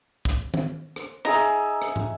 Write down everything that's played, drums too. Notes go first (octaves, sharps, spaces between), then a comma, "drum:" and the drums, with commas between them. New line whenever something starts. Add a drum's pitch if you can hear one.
drum: kick
drum: tom D#3
drum: rim click
D#4 G#4 E5 A#5
drum: rim click
drum: tom